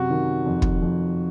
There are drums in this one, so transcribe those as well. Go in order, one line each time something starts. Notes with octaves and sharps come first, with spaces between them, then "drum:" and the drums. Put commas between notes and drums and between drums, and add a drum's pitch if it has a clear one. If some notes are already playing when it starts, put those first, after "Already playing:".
Already playing: F#2 C3 F#4
D#3
F2
drum: kick
F2